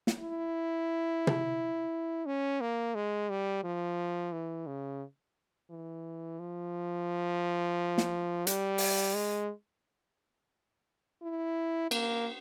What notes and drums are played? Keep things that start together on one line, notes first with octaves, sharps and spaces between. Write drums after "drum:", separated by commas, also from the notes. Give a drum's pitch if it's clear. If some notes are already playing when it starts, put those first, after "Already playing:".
drum: snare
E4
drum: tom
C#4
A#3
G#3
G3
F3
E3
C#3
E3
F3
drum: snare
G3, drum: hi-hat
drum: open hi-hat
G#3
E4
A#3, drum: cymbal